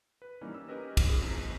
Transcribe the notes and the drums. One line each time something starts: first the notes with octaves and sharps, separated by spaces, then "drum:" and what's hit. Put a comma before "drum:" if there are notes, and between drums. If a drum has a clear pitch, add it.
B4
E3 G3 A#3 C#4 D#4
E6
C#4 G4 A#4 B4 D#5
drum: kick, cymbal
G#4
A1 E2 C4 A#5